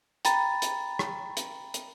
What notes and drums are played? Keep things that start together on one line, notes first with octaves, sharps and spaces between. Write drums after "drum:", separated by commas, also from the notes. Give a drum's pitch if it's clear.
G5 A#5 B5 A6, drum: hi-hat
drum: hi-hat
drum: rim click
drum: hi-hat
drum: hi-hat